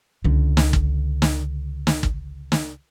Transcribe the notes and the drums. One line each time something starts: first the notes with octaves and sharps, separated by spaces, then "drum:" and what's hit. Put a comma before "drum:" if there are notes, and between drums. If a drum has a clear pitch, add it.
C#2 D3
drum: snare
drum: kick
drum: snare
drum: snare
drum: kick
drum: snare